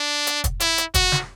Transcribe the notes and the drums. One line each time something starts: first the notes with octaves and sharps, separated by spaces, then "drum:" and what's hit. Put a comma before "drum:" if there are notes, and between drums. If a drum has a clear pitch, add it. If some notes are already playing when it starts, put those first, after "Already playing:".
Already playing: D4
drum: hi-hat
drum: kick, hi-hat
E4, drum: hi-hat
drum: hi-hat
F#4, drum: kick, hi-hat
drum: snare